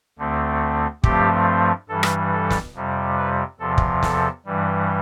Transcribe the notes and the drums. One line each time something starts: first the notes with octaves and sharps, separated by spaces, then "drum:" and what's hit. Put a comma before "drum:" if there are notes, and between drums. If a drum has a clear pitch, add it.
D2 D3 A3 C4
G2 F3 A3 C4 G4, drum: kick
G2 E3 G3 A4
drum: rim click
A4
drum: snare
F2 C3 G3
B4
E2 C3 F3 A4
drum: kick
A4, drum: snare
G2 E3 G3